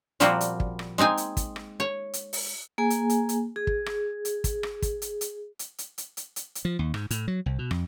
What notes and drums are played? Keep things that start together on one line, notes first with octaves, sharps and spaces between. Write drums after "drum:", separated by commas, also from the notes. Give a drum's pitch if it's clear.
A#2 F3 G3 A#3 C4 F#4, drum: hi-hat
drum: hi-hat
drum: kick
drum: rim click
G#3 C4 D#4 G#5
drum: hi-hat
drum: kick, hi-hat
drum: rim click
C#5
drum: hi-hat
drum: open hi-hat
A#3 G#4 G#5
drum: hi-hat
drum: hi-hat
drum: hi-hat
G#4
drum: kick
drum: rim click
drum: hi-hat
drum: kick, hi-hat
drum: rim click
drum: kick, hi-hat
drum: hi-hat
drum: hi-hat
drum: hi-hat
drum: hi-hat
drum: hi-hat
drum: hi-hat
drum: hi-hat
drum: hi-hat
F3
D#2
G#2, drum: rim click
A2, drum: hi-hat
F#3
C2
B2
F2, drum: rim click